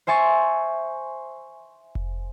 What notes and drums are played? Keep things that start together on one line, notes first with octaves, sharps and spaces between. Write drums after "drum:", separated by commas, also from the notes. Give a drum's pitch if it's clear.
C5 E5 G#5 C#6 A6
drum: kick F1